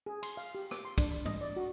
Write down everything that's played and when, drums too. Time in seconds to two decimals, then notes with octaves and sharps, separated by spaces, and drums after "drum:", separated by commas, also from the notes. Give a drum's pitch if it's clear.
0.06 G#4
0.23 C6, drum: cymbal
0.37 F5
0.55 G4
0.71 D6, drum: rim click
0.85 C6
0.98 D4, drum: kick, cymbal
1.11 B5
1.26 D#5, drum: tom G#2
1.41 D5
1.56 F#4